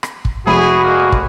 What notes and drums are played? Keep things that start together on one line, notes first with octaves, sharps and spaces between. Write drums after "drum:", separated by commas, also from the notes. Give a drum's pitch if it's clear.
drum: rim click
drum: kick
F1 E4 F#4 G#4 B5 D#7
G#3 A#3 G#4
drum: kick